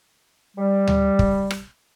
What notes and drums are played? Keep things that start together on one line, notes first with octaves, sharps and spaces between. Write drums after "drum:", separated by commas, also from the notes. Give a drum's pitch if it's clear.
G3
drum: tom D2
drum: kick
drum: rim click